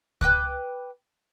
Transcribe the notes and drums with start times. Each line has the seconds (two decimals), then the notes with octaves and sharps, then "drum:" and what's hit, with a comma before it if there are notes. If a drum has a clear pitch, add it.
0.21 B4 G5 D6 F#6, drum: kick C#2